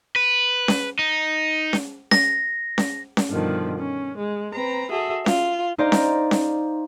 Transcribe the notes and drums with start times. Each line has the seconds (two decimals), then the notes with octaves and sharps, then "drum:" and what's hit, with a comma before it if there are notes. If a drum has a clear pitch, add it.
0.16 B4
0.68 drum: snare C#4
0.99 D#4
1.73 drum: snare C#4
2.11 A#6, drum: snare C#4
2.78 drum: snare C#4
3.17 drum: snare C#4
3.29 G2 B2 D3 D#3 F3
3.78 C#4
4.17 G#3
4.54 C4 B4 A#5
4.91 F#4 G#4 A4 E5
5.26 F4, drum: snare C#4
5.78 D#4 C5 D5 F5 A#5
5.92 drum: snare C#4
6.31 drum: snare C#4